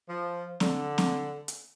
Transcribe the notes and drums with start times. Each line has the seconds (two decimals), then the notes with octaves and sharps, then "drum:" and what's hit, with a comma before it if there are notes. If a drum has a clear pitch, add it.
0.08 F3
0.60 D3, drum: snare C4
0.98 drum: snare C4
1.48 drum: hi-hat